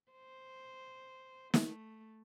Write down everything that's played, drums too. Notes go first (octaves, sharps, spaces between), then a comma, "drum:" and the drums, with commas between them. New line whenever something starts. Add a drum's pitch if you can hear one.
C5
A3, drum: snare